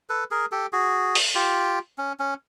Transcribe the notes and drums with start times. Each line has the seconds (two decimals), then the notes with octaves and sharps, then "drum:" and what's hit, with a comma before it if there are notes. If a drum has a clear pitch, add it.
0.09 A4 B4
0.31 G#4 A#4
0.51 G4 A4
0.73 F#4 G#4
1.15 drum: open hi-hat
1.35 F4 G4
1.98 C#4
2.19 C#4